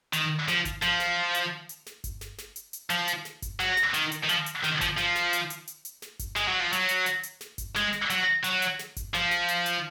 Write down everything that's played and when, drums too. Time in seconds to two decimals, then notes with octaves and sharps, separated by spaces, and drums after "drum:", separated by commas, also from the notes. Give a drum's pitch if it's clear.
0.13 D#3, drum: hi-hat
0.48 F3, drum: snare
0.65 drum: kick G1, hi-hat
0.82 F3, drum: snare
1.00 drum: snare
1.34 drum: hi-hat
1.69 drum: hi-hat
1.86 drum: snare
2.04 drum: kick G1, hi-hat
2.21 drum: snare
2.38 drum: snare
2.56 drum: hi-hat
2.73 drum: hi-hat
2.90 F3, drum: hi-hat
3.08 drum: hi-hat
3.25 drum: snare
3.42 drum: kick G1, hi-hat
3.60 F#3, drum: snare
3.77 drum: snare
3.94 D#3, drum: hi-hat
4.12 drum: hi-hat
4.24 D#3
4.29 F3, drum: hi-hat
4.46 drum: hi-hat
4.64 D#3, drum: snare
4.81 F3, drum: kick G1, hi-hat
4.98 F3, drum: snare
5.16 drum: snare
5.33 drum: hi-hat
5.50 drum: hi-hat
5.67 drum: hi-hat
5.85 drum: hi-hat
6.02 drum: snare
6.19 drum: kick G1, hi-hat
6.36 G#3, drum: snare
6.48 F#3
6.60 F3
6.73 F#3, drum: hi-hat
6.89 drum: hi-hat
7.06 drum: hi-hat
7.23 drum: hi-hat
7.41 drum: snare
7.58 drum: kick G1, hi-hat
7.76 G#3, drum: snare
7.93 drum: snare
8.10 F#3, drum: hi-hat
8.44 F#3, drum: hi-hat
8.62 drum: hi-hat
8.79 drum: snare
8.97 drum: kick G1, hi-hat
9.14 F3, drum: snare
9.31 drum: snare
9.48 drum: hi-hat
9.66 drum: hi-hat